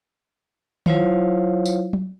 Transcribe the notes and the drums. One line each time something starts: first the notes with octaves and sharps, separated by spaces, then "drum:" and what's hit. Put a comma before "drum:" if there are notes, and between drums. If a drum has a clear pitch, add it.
F#3 E4 F4 C5 C#5 F5, drum: tom D#3
drum: tambourine
drum: tom